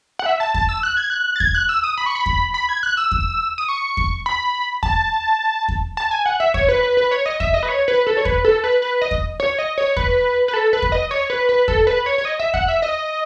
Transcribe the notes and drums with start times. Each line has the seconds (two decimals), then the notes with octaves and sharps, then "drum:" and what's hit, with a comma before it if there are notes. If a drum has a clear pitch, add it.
0.19 F#5
0.26 E5
0.40 A5
0.54 A5, drum: kick E2
0.69 E6
0.83 F#6
0.97 G#6
1.10 F#6
1.36 A6
1.40 G#6, drum: kick E2
1.55 F#6
1.69 E6
1.84 D#6
1.98 B5
2.06 C#6
2.15 B5
2.26 drum: kick E2
2.54 B5
2.69 G#6
2.83 F#6
2.97 E6
3.12 drum: kick E2
3.58 D#6
3.69 C#6
3.97 drum: kick E2
4.26 B5
4.83 A5, drum: kick E2
5.69 drum: kick E2
5.97 A5
6.11 G#5
6.26 F#5
6.40 E5
6.54 C#5, drum: kick E2
6.68 B4
6.83 B4
6.97 B4
7.11 C#5
7.26 D#5
7.40 E5, drum: kick E2
7.54 D#5
7.63 B4
7.68 C#5
7.88 B4
8.07 A4
8.17 C#5
8.25 B4, drum: kick E2
8.45 A4
8.64 B4
8.82 B4
9.02 D#5
9.11 drum: kick E2
9.40 C#5
9.59 D#5
9.78 C#5
9.97 B4, drum: kick E2
10.48 B4
10.54 A4
10.73 B4
10.82 drum: kick E2
10.92 D#5
11.11 C#5
11.30 B4
11.49 B4
11.68 A4, drum: kick E2
11.87 B4
12.06 C#5
12.18 C#5
12.25 D#5
12.39 E5
12.54 F#5, drum: kick E2
12.68 E5
12.82 D#5